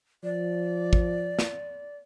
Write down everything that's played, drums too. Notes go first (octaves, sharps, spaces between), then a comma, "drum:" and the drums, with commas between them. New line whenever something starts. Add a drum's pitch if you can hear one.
F3 D5
drum: kick
drum: snare